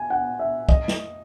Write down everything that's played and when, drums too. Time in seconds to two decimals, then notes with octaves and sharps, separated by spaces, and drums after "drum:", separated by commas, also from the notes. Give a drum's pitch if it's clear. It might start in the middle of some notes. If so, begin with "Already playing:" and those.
Already playing: G#5
0.10 F#5
0.40 E5
0.69 D#5, drum: kick
0.88 drum: snare